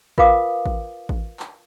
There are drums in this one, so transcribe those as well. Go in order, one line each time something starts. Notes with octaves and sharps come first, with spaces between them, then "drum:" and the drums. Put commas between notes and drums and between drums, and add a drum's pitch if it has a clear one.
F4 A#4 B4 F5 D6 D#6, drum: kick A1
drum: kick A1
drum: kick A1
drum: clap